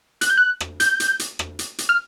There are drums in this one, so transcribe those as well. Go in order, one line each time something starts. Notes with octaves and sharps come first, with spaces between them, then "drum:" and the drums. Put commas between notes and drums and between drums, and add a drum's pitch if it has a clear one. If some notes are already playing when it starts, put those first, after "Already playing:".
F#6, drum: hi-hat
G6
F#6
drum: rim click
G6, drum: hi-hat
drum: hi-hat
drum: hi-hat
drum: rim click
drum: hi-hat
drum: hi-hat
F6